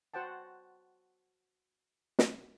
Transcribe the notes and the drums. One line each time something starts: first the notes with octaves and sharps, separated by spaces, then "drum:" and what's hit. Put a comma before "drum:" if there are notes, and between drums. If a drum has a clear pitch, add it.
F#4 C5 F#5 G5 A5
drum: snare